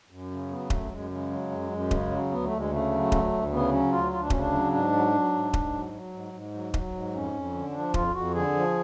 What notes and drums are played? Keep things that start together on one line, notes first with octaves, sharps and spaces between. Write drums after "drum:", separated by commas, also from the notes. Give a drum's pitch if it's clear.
F#2
C#3
F#3 B3
F#2 A3, drum: kick D#1
F#2 G#3
C#3 G#3
F#3
F#2
F#2
C#3, drum: kick D#1
F#3
D2 B3
A3
D2
G#3
C#3 A3
F#3
D2, drum: kick D#1
D2
C#3 B3
F#3 C#4
D2 F4
D2 F4
D4
C#3 C#4, drum: kick D#1
D4
F#3
G#2 D4
F#3
F#3
G#2
G#2, drum: kick D#1
F#3
F#3
G#2
G#2
F#3
F#3, drum: kick D#1
G#2
F2 C#4
F2
D3
C#4
F3 D4
F2 F4, drum: kick D#1
F2 F#4
D3 G#4
F3